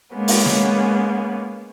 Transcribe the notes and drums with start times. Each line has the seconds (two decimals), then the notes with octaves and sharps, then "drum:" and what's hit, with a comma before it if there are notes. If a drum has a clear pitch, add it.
0.15 G#3 A#3 B3 C#4
0.28 drum: open hi-hat
0.46 drum: snare